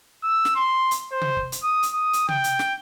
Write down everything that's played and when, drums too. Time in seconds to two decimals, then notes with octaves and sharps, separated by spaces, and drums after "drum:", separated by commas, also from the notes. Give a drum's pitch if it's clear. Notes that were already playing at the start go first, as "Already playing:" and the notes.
0.24 E6
0.45 drum: snare
0.56 C6
0.91 drum: hi-hat
1.12 C5
1.22 drum: tom C3
1.37 drum: kick
1.52 drum: hi-hat
1.63 D#6
1.83 drum: hi-hat
1.94 D#6
2.13 drum: hi-hat
2.29 G5, drum: tom C3
2.44 drum: hi-hat
2.59 drum: snare